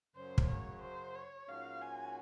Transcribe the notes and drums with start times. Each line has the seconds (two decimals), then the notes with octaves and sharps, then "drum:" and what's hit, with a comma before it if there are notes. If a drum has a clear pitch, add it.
0.15 F#2 C#3 F#3 C5
0.38 drum: kick
0.48 C#5
0.82 C5
1.15 C#5
1.48 G#2 F3 A#3 C#4 F#4 F5
1.82 G#5